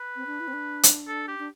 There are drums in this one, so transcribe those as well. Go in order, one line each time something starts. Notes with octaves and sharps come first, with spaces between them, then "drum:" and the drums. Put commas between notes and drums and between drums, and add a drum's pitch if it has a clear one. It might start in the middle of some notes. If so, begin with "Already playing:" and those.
Already playing: B4
C4
D4
E4
C4
D4
drum: hi-hat
A4
G4
D4